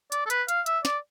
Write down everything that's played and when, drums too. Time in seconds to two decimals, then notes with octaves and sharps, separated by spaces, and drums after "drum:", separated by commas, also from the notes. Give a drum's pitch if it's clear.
0.12 D5, drum: hi-hat
0.26 A4
0.30 B4, drum: hi-hat
0.48 F5, drum: hi-hat
0.66 E5, drum: hi-hat
0.85 D5, drum: snare